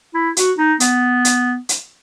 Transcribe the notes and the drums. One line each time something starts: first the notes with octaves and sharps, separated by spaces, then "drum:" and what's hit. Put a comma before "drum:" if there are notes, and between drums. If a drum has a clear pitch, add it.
E4
F#4, drum: hi-hat
D#4
B3, drum: hi-hat
drum: hi-hat
drum: hi-hat